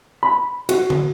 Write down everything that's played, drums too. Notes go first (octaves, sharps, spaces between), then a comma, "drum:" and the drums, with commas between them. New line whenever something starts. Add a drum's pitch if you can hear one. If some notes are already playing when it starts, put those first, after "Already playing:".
B5
F#4, drum: cymbal
drum: tom D3